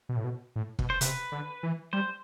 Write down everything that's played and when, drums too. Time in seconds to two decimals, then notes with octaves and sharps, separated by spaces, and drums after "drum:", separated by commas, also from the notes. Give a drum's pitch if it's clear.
0.09 B2
0.17 A2
0.24 B2
0.56 A2
0.79 B2, drum: kick F1
0.90 C5
1.01 C3 B4, drum: hi-hat
1.32 D3
1.63 E3
1.93 G3 C5